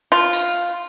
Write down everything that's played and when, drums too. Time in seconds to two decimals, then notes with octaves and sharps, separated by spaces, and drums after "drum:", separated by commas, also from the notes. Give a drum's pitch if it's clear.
0.12 F4
0.33 drum: tambourine